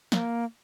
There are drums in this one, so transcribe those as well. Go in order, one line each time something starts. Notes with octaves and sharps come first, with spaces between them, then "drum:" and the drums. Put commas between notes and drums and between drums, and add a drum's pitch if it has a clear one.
A#3, drum: snare